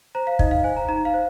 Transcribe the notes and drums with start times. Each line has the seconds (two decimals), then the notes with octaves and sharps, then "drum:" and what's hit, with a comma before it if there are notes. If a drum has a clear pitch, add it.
0.15 C5 A#5
0.27 F5
0.39 D#4 D#5, drum: kick
0.51 F5
0.64 C5 G#5
0.77 A#5
0.89 D#4 A#5
1.05 F5
1.14 C5